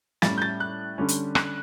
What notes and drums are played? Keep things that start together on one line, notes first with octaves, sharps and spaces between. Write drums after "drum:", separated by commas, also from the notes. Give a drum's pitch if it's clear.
A2 G3 C#4 A6, drum: snare
G6
A6
F#6
D3 G3 C#4
drum: hi-hat
F#6, drum: rim click